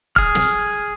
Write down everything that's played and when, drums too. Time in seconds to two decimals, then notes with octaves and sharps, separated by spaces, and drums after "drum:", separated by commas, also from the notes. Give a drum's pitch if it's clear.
0.16 G#4 F6, drum: kick
0.35 drum: snare